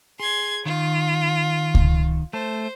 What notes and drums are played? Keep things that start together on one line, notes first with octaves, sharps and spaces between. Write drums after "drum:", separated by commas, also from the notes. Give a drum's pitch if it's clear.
G#4 C6 G#6
D#3 F4
drum: kick C#2
A3 C5 A5